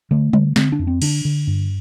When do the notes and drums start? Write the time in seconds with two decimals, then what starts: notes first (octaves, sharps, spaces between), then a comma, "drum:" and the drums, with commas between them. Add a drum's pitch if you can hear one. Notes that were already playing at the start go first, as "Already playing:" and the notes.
0.11 D3 A3
0.33 D3, drum: tom G3
0.56 D3 C4, drum: snare
0.72 D4
0.79 F2
0.87 C4
1.02 D3 D4, drum: cymbal
1.25 D3
1.47 G2